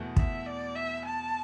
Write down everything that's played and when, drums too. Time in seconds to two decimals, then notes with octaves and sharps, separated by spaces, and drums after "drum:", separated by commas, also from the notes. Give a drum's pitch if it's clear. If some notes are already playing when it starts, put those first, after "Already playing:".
Already playing: E2 B2 A3
0.17 E5, drum: kick
0.46 D5
0.76 E5
1.05 A5